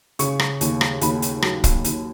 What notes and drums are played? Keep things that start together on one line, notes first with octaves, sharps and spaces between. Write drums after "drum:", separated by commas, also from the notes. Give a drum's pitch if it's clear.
C#3 C#6, drum: hi-hat
drum: rim click
D#2, drum: hi-hat
drum: rim click
D#2 B5, drum: hi-hat
drum: hi-hat
F#3, drum: rim click
drum: kick, hi-hat
D#2, drum: hi-hat